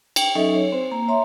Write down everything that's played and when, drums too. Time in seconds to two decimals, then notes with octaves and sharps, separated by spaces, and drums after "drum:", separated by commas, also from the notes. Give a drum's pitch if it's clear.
0.16 G5, drum: cymbal
0.35 F#3 C#4 D#4 A4 D#5 E5
0.55 C#5
0.72 C4 C5
0.91 A#3 A#5
1.08 C#5 E5 A#5 C6